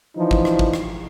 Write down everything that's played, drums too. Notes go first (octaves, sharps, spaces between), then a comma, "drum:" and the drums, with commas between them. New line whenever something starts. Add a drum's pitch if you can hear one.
E3 F3 D4 D#4
drum: kick
drum: rim click
drum: kick
drum: rim click